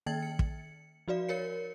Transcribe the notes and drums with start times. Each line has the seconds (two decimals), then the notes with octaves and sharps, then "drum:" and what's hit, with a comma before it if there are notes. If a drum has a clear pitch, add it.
0.06 D#3 A#3 G5 G#6 A6 F#7
0.22 C#7
0.39 drum: kick
1.08 F3 F#4 D5 F5
1.29 A#4 C#5 C#7